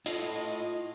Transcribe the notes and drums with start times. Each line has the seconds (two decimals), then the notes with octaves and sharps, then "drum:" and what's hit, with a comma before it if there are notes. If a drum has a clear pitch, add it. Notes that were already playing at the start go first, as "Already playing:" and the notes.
0.06 E4 F4 A4 D#5, drum: hi-hat